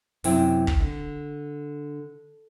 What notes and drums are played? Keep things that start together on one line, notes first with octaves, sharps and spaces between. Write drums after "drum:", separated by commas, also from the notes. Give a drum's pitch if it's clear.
F#2 C3 C4 E4 G5, drum: open hi-hat
drum: kick
D3